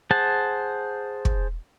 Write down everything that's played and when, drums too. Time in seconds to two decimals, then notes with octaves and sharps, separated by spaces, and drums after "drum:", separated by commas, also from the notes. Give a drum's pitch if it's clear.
0.11 G#4 C5 F#5 A5
1.25 drum: kick